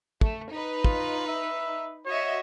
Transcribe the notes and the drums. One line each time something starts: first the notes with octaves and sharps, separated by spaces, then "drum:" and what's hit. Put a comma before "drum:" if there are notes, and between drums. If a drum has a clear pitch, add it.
A3, drum: kick
D#4 B4
F4, drum: kick
E5
F#4 C#5 D#5 E5